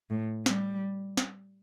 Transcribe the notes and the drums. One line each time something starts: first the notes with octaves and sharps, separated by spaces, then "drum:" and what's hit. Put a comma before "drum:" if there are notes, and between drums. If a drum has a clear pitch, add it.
A2
G3, drum: snare
drum: snare